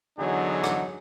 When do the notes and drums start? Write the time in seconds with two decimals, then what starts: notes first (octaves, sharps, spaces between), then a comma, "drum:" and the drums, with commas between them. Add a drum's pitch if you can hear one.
0.18 E2 D3 F#3 D#4 G#4
0.64 drum: rim click